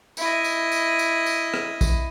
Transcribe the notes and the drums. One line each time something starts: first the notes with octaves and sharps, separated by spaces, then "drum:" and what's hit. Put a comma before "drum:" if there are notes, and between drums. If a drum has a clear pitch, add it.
E4 D#5, drum: tambourine
drum: tambourine
drum: tambourine
drum: tambourine
drum: tambourine
drum: rim click
drum: kick, tambourine